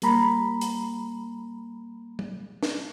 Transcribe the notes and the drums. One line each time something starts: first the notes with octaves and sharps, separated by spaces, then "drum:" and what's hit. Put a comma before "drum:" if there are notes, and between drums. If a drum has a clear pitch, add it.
G3 A#3 A#5 B5, drum: hi-hat
drum: hi-hat
drum: tom G3
drum: snare